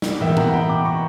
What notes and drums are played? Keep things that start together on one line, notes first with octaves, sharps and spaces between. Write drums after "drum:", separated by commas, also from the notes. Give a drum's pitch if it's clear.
drum: snare
E2 B2 A#3 E5 G5
F#5 A#5, drum: tom A2
G5 B5
B5 D6
A#5 C#6